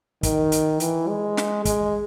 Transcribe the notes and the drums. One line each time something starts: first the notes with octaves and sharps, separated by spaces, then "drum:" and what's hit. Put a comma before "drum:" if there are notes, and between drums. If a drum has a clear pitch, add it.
D#3, drum: kick, hi-hat
drum: hi-hat
E3, drum: hi-hat
G#3
drum: snare
G#3, drum: kick, hi-hat